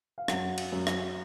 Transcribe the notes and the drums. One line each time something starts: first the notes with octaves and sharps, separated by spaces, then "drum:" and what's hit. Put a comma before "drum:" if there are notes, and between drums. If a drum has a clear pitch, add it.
F5
F#2 F#5, drum: rim click
drum: cymbal
F#2
drum: rim click